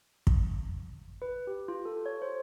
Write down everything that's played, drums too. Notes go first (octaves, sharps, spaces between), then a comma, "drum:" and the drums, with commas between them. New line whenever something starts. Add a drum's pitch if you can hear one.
drum: kick
B4
G4
F4
A4
C#5
C5